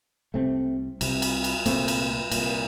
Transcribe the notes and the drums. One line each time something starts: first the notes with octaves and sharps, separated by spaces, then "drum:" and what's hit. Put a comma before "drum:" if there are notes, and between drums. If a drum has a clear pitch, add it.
C2 C3 A3 C4
C2 C3, drum: cymbal
drum: cymbal
drum: cymbal
C2 A#2 A3 C4, drum: cymbal
drum: cymbal
C2 A#2, drum: cymbal